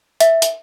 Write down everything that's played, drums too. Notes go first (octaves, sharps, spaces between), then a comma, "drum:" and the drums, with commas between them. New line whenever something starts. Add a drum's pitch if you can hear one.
E5, drum: hi-hat
drum: hi-hat